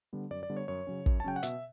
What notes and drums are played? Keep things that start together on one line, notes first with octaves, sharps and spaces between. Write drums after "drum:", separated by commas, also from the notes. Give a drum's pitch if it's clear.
D3 G3 B3
F#2 D5
D5
D3 G3 B3
C#5
F#2 C#5
C#3 F#3 C#4
F#2, drum: kick
A5
C#3 F#3 C#4 G5
F#5
B2 E5, drum: hi-hat